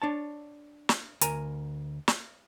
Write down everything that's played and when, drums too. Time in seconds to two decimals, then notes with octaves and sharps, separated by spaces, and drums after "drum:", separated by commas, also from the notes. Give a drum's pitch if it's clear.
0.02 D4 C#5 A5
0.89 drum: snare
1.21 D2 A#4 G#5 A#5, drum: hi-hat
2.08 drum: snare